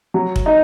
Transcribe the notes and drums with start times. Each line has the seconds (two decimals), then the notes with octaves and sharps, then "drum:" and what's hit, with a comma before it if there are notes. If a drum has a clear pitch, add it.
0.14 F#3
0.36 drum: kick
0.46 D#4